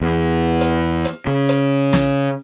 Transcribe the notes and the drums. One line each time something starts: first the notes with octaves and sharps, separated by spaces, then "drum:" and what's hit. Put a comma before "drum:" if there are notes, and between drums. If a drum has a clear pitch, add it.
E2
drum: hi-hat
drum: hi-hat
C#3
drum: hi-hat
drum: snare